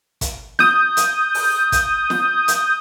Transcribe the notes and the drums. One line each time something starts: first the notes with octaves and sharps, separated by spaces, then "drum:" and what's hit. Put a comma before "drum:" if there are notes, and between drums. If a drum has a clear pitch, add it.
drum: kick, hi-hat
D#6 G6, drum: snare
drum: hi-hat
drum: open hi-hat
drum: kick, hi-hat
drum: snare
drum: hi-hat